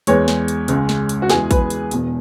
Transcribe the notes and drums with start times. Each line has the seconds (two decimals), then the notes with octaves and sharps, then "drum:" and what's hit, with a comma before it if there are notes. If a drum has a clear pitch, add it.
0.07 E2 E3 G#3 C#5, drum: hi-hat
0.28 drum: snare
0.48 drum: hi-hat
0.68 C#2 C#3 G#3, drum: hi-hat
0.89 drum: snare
1.09 drum: hi-hat
1.22 F#4
1.30 E2 E3 G#3 G#4, drum: snare
1.51 B4, drum: kick, hi-hat
1.70 drum: hi-hat
1.91 E1 E2 B2, drum: hi-hat